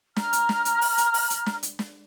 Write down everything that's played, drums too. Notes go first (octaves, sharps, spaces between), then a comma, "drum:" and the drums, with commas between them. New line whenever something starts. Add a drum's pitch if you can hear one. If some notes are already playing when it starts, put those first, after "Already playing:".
A#5 F6, drum: snare
drum: hi-hat
drum: snare
drum: hi-hat
drum: open hi-hat
drum: hi-hat
drum: open hi-hat
drum: hi-hat
drum: snare
drum: hi-hat
drum: snare